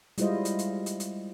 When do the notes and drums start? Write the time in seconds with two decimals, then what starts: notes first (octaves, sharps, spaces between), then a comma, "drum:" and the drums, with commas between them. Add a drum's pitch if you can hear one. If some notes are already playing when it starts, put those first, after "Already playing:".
0.18 G3 G#3 E4 F4 C5 D#5, drum: hi-hat
0.45 drum: hi-hat
0.59 drum: hi-hat
0.86 drum: hi-hat
1.00 drum: hi-hat